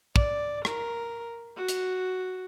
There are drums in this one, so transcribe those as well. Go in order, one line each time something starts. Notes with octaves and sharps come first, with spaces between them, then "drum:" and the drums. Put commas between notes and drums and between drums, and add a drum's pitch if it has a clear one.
D5, drum: kick
A#4, drum: rim click
F#4
drum: hi-hat